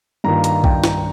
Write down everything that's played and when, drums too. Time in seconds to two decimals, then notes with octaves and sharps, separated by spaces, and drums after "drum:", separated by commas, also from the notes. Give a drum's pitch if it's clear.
0.24 G2 D#3 A#3 F4 A#5
0.44 A#5, drum: hi-hat
0.64 G5, drum: kick A#1
0.84 A#5, drum: snare